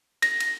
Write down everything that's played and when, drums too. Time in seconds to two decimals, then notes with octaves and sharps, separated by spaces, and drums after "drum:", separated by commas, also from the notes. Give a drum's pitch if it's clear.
0.22 A#6, drum: cymbal
0.40 drum: cymbal